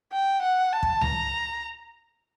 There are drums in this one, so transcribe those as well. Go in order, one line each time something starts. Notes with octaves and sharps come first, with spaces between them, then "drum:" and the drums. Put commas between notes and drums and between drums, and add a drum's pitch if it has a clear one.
G5
F#5
A5
drum: kick
A#5, drum: tom C#2